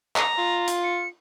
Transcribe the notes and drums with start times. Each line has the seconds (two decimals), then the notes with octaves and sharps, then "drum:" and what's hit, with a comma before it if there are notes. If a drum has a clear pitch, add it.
0.16 A#5, drum: clap
0.38 F4
0.68 drum: hi-hat
0.84 C#7